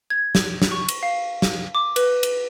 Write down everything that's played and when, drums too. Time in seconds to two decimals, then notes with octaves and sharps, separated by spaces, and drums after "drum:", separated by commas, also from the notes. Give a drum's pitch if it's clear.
0.10 G#6
0.35 drum: snare
0.62 drum: snare
0.72 C#6
0.88 drum: cymbal
1.03 F5
1.42 drum: snare
1.75 D6
1.96 B4, drum: cymbal
2.23 drum: cymbal